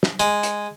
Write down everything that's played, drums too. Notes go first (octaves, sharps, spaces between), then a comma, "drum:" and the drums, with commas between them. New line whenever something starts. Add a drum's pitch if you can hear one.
drum: snare
G#3, drum: hi-hat
drum: hi-hat